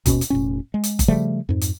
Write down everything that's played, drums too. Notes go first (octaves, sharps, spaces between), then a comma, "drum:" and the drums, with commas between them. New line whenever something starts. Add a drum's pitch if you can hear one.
D#2 B2 C#4, drum: kick G1, hi-hat
drum: hi-hat
F1 A#2 C#4
G#3
drum: hi-hat
drum: kick G1, hi-hat
C#3 F3 G3 A3
F2 G#2
drum: hi-hat